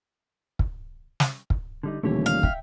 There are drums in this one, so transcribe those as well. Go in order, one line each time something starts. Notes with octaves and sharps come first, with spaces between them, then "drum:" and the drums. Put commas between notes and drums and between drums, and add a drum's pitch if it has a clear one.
drum: kick
drum: snare
drum: kick
D3 G3 D#4
D#1 B2 D3 E3 A3 G4 C#5
F5
E5 G5, drum: kick